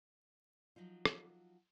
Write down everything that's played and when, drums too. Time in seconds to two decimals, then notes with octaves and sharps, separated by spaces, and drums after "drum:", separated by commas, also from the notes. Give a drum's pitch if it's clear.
0.76 F3 F#3 D#4 F4
1.05 drum: rim click